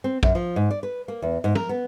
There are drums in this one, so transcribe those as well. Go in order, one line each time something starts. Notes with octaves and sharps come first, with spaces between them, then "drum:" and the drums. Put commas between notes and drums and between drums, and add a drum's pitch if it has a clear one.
C4
F#2, drum: kick
F3
G#2
D5
B4
A#3
E2
G#2
A#4, drum: tom
B3